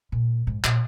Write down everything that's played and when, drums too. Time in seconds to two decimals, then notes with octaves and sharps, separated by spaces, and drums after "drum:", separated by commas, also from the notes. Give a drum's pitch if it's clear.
0.12 A#2
0.47 G#2
0.64 A#2, drum: clap